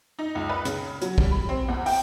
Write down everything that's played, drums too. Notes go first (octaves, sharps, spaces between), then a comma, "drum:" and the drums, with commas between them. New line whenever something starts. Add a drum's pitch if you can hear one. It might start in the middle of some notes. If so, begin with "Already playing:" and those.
D#4
C#2
B4
C#3, drum: hi-hat
F#3, drum: hi-hat
G3, drum: kick
B5
C4
E2
G5, drum: open hi-hat